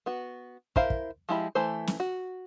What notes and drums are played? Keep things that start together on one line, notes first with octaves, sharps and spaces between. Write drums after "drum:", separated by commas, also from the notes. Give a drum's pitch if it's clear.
B3 F#4
E4 A#4 C5 E5 F5, drum: kick
drum: kick
F3 G#3 E4 G4 B5
E3 A3 C5
drum: snare
F#4